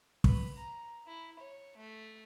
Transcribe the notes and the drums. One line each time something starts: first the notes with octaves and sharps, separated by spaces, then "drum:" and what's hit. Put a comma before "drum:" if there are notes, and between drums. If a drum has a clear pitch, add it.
B4, drum: kick
A#5
E4
C#5
A3